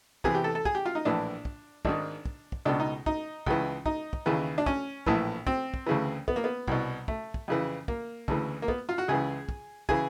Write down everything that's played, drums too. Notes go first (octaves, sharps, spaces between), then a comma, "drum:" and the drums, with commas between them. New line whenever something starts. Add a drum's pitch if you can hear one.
E2 C3 E3 G#4, drum: kick
G4
A4
A4
G#4, drum: kick
G4
F4
D#4
A#1 A2 E3 D4
drum: kick
G#1 G#2 D#3 D4, drum: kick
drum: kick
drum: kick
C#2 B2 D4
D#4
D#4, drum: kick
C#2 C#3 E3, drum: kick
D#4, drum: kick
drum: kick
D#2 C#3 E3
D4
C#4, drum: kick
A#1 A2 E3, drum: kick
C4, drum: kick
drum: kick
D2 C#3 E3
B3, drum: kick
A#3
B3
C2 B2, drum: kick
A3, drum: kick
drum: kick
F2 C#3 E3
A#3, drum: kick
D2 C#3 E3, drum: kick
A#3
B3, drum: kick
F4
F#4
C#2 C#3 E3 G#4
drum: kick
C#3 E3 G#4, drum: kick